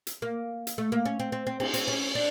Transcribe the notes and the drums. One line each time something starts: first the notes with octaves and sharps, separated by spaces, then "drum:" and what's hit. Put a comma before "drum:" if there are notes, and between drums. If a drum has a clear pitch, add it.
drum: hi-hat
A#3
drum: hi-hat
A3
A#3
C#4
C4
C4
C4
C4, drum: cymbal
C4, drum: hi-hat
C#4
D4